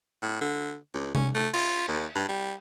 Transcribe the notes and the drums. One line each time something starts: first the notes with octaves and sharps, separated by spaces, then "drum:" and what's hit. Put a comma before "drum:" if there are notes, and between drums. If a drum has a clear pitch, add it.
A2
D3
C#2
C#4, drum: tom C3
A3
F4, drum: cymbal
D#2
G2
G3